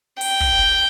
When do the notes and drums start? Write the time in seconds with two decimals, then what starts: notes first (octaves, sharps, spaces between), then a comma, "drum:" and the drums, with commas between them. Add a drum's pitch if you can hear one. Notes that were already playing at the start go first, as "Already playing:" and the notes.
0.21 G5, drum: open hi-hat
0.40 drum: kick